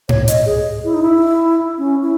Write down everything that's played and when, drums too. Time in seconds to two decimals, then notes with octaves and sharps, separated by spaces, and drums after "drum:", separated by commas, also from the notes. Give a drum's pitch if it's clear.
0.09 C#5, drum: tom G#2
0.28 D#5, drum: hi-hat
0.46 G#4
0.84 E4
0.94 D#4
1.02 E4
1.78 C#4
2.02 E4